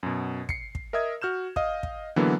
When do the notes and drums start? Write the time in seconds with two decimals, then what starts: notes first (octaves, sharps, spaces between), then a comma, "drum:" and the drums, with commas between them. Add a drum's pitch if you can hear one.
0.03 F#2 B2
0.49 C7 C#7, drum: kick
0.75 drum: kick
0.93 A#4 D#5 E5 D#6 G#6
1.22 F#4 F6 G6 E7
1.56 D#5 F5 D#6, drum: kick
1.83 drum: kick
2.16 D3 E3 F#3 A#3 B3